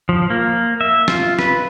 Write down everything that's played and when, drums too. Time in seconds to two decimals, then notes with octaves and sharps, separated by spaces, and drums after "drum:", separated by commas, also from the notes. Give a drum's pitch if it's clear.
0.09 F3
0.30 A#3
0.81 E5
1.08 F4, drum: snare
1.39 B4, drum: snare